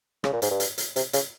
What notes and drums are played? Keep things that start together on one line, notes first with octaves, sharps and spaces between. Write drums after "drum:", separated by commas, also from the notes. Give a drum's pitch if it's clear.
C#3, drum: rim click
A#2
G#2, drum: hi-hat
G2
drum: hi-hat
drum: hi-hat
C3, drum: hi-hat
C#3, drum: hi-hat